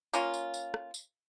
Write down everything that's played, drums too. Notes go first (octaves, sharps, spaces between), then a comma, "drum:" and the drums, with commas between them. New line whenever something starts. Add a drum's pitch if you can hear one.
A#3 C#4 F4, drum: tambourine
drum: tambourine
drum: tambourine
drum: rim click
drum: tambourine